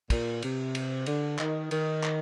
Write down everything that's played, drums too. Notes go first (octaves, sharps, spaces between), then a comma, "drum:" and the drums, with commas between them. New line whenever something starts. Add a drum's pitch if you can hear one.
A#2, drum: kick, cymbal
C3, drum: cymbal
drum: cymbal
D3, drum: cymbal
D#3, drum: clap
D#3, drum: cymbal
drum: clap